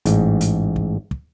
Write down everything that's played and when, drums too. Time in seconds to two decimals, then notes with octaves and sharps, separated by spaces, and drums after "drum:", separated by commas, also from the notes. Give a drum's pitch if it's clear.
0.06 A1 G#2, drum: hi-hat
0.41 drum: hi-hat
0.76 drum: kick
1.11 drum: kick